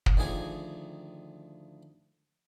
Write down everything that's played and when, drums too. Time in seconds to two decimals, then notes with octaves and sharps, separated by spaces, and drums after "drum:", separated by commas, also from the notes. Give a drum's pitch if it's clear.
0.06 drum: kick
0.17 D2 D#3 F3 G#4 G#5